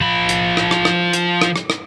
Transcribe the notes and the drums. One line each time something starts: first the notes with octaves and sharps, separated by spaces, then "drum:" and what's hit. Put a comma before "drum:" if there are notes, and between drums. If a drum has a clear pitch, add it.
F3 B5
drum: hi-hat
drum: rim click
drum: rim click
drum: rim click
drum: hi-hat
drum: rim click
drum: rim click
drum: rim click